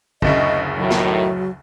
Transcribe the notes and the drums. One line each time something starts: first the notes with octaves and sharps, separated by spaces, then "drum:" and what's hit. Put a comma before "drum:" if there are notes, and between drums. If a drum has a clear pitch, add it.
F#1 D2 C#3 D#5, drum: kick
A2 D#3 F#3
drum: snare